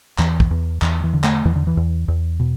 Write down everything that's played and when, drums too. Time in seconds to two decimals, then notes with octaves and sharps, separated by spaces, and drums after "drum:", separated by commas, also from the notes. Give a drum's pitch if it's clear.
0.18 E2 E3, drum: clap
0.40 drum: kick
0.51 E2
0.82 E2 E3, drum: clap
1.03 E3
1.13 D3
1.24 A3, drum: clap
1.45 E2 E3
1.56 D3
1.67 E3
1.77 E2
2.08 E2
2.40 B2